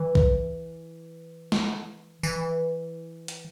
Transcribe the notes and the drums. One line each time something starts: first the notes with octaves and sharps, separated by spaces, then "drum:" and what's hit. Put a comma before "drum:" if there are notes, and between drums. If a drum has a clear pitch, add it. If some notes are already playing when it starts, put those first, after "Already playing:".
Already playing: E3
drum: kick B1
drum: snare
E3, drum: tambourine
drum: hi-hat